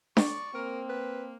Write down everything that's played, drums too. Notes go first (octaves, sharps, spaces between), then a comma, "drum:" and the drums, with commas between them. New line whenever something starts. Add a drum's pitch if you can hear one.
D5 C#6, drum: snare D4
A#3 C4 A#4
B4